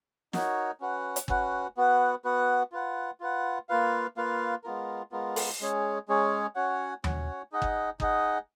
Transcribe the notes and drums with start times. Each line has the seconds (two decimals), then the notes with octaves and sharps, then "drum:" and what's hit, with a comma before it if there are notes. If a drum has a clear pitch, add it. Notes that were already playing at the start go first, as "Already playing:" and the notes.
0.33 D#4 F#4 A#4 C#5, drum: snare
0.80 C#4 F#4 B4 F#5
1.16 drum: hi-hat
1.28 C#4 F#4 B4 F#5, drum: kick G1
1.77 B3 F#4 B4 F#5
2.24 B3 F#4 B4 F#5
2.72 F4 B4 F#5
3.20 F4 B4 F#5
3.69 A#3 F4 B4 F5
4.17 A#3 F4 B4 F5
4.64 G#3 B3 F4 A#4
5.12 G#3 B3 F4 A#4
5.36 drum: open hi-hat
5.61 G#3 C#4 G#4 C#5
6.08 G#3 C#4 G#4 C#5
6.55 C#4 F#4 C#5 F#5
7.04 C#4 F#4 C#5 F#5, drum: tom D#2
7.52 D#4 G#4 D#5 F#5
7.62 drum: kick G1
8.00 D#4 G#4 D#5 F#5, drum: kick G1